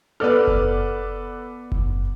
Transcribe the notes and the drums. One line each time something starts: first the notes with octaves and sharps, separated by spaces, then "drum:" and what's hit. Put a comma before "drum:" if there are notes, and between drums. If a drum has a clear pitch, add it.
B3 A4 B4 D5 F6
drum: kick F#1
drum: kick F#1